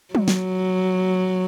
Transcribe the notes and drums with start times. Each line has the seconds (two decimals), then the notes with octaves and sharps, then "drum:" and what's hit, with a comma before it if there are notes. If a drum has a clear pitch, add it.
0.15 F#3, drum: tom F#3
0.28 drum: snare